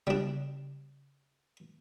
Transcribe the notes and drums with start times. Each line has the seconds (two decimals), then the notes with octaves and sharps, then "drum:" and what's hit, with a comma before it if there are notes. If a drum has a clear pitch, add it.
0.07 G3 D4, drum: tom C#3